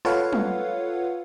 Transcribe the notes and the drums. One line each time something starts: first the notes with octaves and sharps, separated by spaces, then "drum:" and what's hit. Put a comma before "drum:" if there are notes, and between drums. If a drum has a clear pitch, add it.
F4 A4 B4 C#5 F5 F#5, drum: rim click
drum: tom F#3